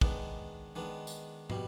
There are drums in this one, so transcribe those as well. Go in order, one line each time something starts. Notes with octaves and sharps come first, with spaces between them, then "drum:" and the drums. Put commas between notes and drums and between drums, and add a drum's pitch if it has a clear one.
D#3 G#3 B3 D4, drum: kick
D#3 G#3 B3 D4
drum: tambourine
B2 G3, drum: tom